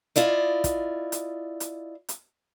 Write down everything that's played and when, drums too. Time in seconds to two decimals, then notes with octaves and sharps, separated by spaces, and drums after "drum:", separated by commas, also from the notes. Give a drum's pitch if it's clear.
0.16 E4 F4 D5 D#5, drum: hi-hat
0.64 drum: kick, hi-hat
1.12 drum: hi-hat
1.60 drum: hi-hat
2.09 drum: hi-hat